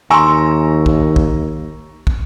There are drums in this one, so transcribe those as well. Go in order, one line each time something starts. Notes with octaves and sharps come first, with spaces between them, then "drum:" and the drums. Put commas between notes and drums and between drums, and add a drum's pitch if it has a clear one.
D#2 G#5 A#5 C6 C#6 E6
drum: kick
drum: kick
drum: kick